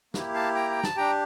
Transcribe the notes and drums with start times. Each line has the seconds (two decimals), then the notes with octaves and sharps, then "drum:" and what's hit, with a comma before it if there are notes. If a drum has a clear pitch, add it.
0.14 A#3 E4 G4, drum: snare
0.34 F5 A5
0.55 G5 A#5
0.71 G5
0.84 A5, drum: snare
0.96 D4 G4 G5 A#5